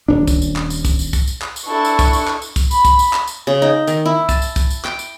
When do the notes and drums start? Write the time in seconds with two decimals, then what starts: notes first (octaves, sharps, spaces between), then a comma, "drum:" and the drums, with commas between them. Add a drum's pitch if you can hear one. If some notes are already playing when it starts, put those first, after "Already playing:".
0.08 D#1 D4
0.27 drum: kick, tambourine
0.42 drum: tambourine
0.56 drum: clap
0.70 drum: tambourine
0.85 drum: kick, tambourine
0.99 drum: tambourine
1.13 drum: kick, tambourine
1.27 drum: tambourine
1.42 drum: clap
1.56 drum: tambourine
1.67 D4 E4 A4 C#6
1.85 drum: tambourine
1.99 drum: kick, tambourine
2.13 drum: tambourine
2.27 drum: clap
2.42 drum: tambourine
2.56 drum: kick, tambourine
2.71 B5, drum: tambourine
2.85 drum: kick, tambourine
2.99 drum: tambourine
3.13 drum: clap
3.27 drum: tambourine
3.47 C#3
3.62 D#4
3.87 D#3, drum: tambourine
4.06 E4
4.29 A5, drum: kick, tambourine
4.42 drum: tambourine
4.56 drum: kick, tambourine
4.70 drum: tambourine
4.85 G5, drum: clap
4.99 drum: tambourine